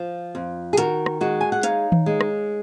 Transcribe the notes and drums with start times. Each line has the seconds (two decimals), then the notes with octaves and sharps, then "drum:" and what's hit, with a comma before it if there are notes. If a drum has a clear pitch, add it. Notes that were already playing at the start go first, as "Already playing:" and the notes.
Already playing: F3 F4
0.35 F2
0.73 G#4
0.77 D#3 F#4 A#4, drum: hi-hat
1.06 drum: rim click
1.21 G#3 F#4
1.41 G#5
1.52 F#5
1.63 D#4 C#5 F5, drum: hi-hat
1.92 drum: tom D#3
2.06 G#3
2.21 drum: rim click